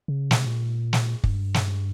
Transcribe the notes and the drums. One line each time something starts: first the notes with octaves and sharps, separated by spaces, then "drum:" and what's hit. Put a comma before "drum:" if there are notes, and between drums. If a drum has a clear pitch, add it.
C#3
A#2, drum: snare
C3
A#2
drum: snare
G2, drum: kick
drum: snare